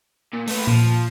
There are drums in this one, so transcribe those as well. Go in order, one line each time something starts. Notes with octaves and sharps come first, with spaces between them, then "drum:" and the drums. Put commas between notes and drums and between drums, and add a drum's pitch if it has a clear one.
A#2
A3 B4, drum: open hi-hat
A#2 F3